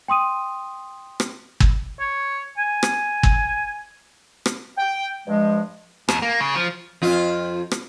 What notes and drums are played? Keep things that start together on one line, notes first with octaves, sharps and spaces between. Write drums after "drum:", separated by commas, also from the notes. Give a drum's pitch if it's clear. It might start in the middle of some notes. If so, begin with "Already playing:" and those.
G5 C6 D#6 D#7
drum: rim click
drum: kick
C#5
G#5
drum: rim click
drum: kick
drum: rim click
G5
G2 F3 G#3
D#2, drum: rim click
A#3
C#3
F3
F2 F4
drum: rim click